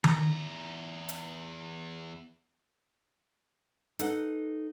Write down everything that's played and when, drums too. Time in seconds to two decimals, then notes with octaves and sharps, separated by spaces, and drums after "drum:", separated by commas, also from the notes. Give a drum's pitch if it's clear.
0.04 E2 A#5, drum: tom D#3
1.09 drum: hi-hat
3.99 D#4 A4 B4 F#5, drum: hi-hat